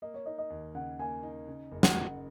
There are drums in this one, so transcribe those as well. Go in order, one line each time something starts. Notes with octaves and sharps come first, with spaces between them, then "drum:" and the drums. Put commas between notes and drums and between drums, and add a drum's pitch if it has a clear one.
A#3 D#5
C#5
D#4 D#5
D#5
D#2
C#3 F#5
A#3 G#5
D#4
C#3
F#1
F#5, drum: snare
F#1